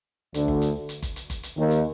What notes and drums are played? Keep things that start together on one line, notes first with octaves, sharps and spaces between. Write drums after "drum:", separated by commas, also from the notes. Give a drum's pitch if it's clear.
D2 D3, drum: hi-hat
drum: kick G1
drum: hi-hat
drum: hi-hat
drum: kick G1, hi-hat
drum: hi-hat
drum: kick G1, hi-hat
drum: hi-hat
D#2 D#3
drum: hi-hat